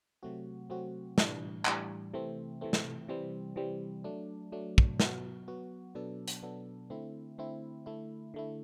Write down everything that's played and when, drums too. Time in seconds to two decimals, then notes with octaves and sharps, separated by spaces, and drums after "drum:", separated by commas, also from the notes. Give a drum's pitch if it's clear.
0.23 C3 F#3 A3 C4 F#4
0.70 C3 F#3 A3 C4 F#4
1.18 A2 E3 G3 D4, drum: snare
1.65 A2 E3 G3 D4, drum: clap
2.14 C3 E3 A3 C4
2.61 C3 E3 A3 C4
2.73 drum: snare
3.08 C3 E3 G3 C4
3.56 C3 E3 G3 C4
4.04 F#3 A3 D4
4.52 F#3 A3 D4
4.78 drum: kick
5.00 F#3 B3 F#4, drum: snare
5.48 F#3 B3 F#4
5.95 B2 F#3 B3 D4 A4
6.28 drum: hi-hat
6.42 B2 F#3 B3 D4 A4
6.90 D3 A3 C4 E4
7.38 D3 A3 C4 E4
7.86 D3 A3 E4
8.34 D3 A3 E4